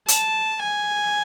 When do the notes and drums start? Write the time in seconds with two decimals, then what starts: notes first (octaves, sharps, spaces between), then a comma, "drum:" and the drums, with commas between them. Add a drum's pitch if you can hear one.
0.08 A5, drum: hi-hat
0.62 G#5